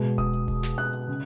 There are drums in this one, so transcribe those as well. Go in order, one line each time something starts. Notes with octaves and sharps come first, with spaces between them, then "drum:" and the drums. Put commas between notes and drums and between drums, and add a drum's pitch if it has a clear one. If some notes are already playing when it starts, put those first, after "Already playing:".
Already playing: B2 G#3
D#6, drum: kick E1, hi-hat
drum: hi-hat
drum: kick E1, open hi-hat
drum: snare
F#6, drum: hi-hat
drum: hi-hat
C#3